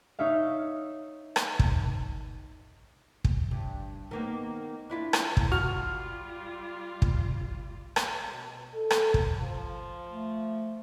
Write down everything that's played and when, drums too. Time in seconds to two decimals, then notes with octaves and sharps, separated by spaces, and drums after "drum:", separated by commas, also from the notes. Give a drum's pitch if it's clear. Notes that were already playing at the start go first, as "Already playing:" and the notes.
0.19 D#4 C#5 E5 F5
1.36 drum: rim click
1.59 drum: kick
3.24 drum: kick
3.51 G2
4.11 D#3 A#3 B3
4.90 D4 E4 F4
5.13 drum: rim click
5.37 drum: kick
5.52 G3 F4 F#4 F6
7.02 drum: kick
7.96 drum: rim click
8.30 B2
8.74 A4
8.91 drum: rim click
9.14 drum: kick
9.38 F3
10.09 A3